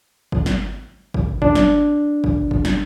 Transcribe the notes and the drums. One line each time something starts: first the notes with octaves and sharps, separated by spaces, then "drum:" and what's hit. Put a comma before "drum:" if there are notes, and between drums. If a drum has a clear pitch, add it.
drum: kick G1
drum: snare
drum: kick G1
D4, drum: kick G1
drum: snare
drum: kick G1
drum: kick G1
drum: snare